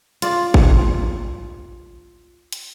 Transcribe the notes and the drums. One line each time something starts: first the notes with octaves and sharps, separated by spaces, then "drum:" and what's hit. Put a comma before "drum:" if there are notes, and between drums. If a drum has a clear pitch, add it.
F4 D5, drum: hi-hat
drum: kick G#1
drum: hi-hat